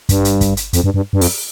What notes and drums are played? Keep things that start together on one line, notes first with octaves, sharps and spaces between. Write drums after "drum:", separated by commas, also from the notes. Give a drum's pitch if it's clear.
G2, drum: kick, hi-hat
drum: hi-hat
drum: kick, hi-hat
drum: hi-hat
F2, drum: hi-hat
G2
G2
G2
F2, drum: open hi-hat